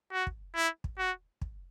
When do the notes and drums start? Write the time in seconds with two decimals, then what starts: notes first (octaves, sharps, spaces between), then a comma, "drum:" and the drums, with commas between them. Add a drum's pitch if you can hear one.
0.12 F#4
0.27 drum: kick
0.55 E4
0.84 drum: kick
0.98 F#4
1.41 drum: kick